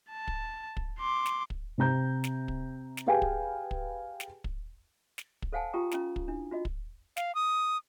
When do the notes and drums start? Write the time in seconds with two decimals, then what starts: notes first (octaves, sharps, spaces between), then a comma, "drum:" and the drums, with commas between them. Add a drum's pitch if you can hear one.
0.10 A5
0.28 drum: kick
0.77 drum: kick
0.99 C6 D6
1.26 drum: snare
1.50 drum: kick
1.78 C3 C4 A#5 G6
2.24 drum: snare
2.48 drum: kick
2.97 drum: snare
3.06 G4 G#4 B4 F5 G5 G#5
3.22 drum: kick
3.71 drum: kick
4.20 drum: snare
4.44 drum: kick
5.18 drum: snare
5.42 drum: kick
5.52 A4 C5 F5 F#5 G#5 A5
5.73 F4 G4 G5 A#5 D#6
5.91 C#4 F4 A#5, drum: snare
6.16 drum: kick
6.28 D4 E4
6.51 F4 F#4 D#5
6.65 drum: kick
7.17 F5, drum: snare
7.35 D#6